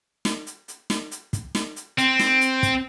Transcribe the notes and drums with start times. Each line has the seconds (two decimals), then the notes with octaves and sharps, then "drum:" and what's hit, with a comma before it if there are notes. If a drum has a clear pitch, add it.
0.25 drum: snare
0.47 drum: hi-hat
0.68 drum: hi-hat
0.90 drum: snare
1.11 drum: hi-hat
1.33 drum: kick, hi-hat
1.55 drum: snare
1.76 drum: hi-hat
1.98 C4, drum: hi-hat
2.19 drum: snare
2.41 drum: hi-hat
2.63 drum: kick, hi-hat